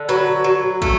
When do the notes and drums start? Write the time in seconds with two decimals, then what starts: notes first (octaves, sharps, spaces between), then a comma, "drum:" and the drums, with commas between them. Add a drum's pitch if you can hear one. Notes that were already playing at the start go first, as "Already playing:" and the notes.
Already playing: D3
0.09 F#3 B4
0.44 F#3
0.82 A3, drum: kick